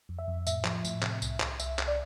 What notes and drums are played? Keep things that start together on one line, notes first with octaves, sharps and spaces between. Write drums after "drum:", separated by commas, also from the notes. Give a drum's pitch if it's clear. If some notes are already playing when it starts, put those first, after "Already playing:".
F2
E5
F2
A2 E5, drum: tambourine
F3, drum: clap
A2, drum: tambourine
C3, drum: clap
C2, drum: tambourine
C2, drum: clap
C2 E5, drum: tambourine
C2, drum: clap
D5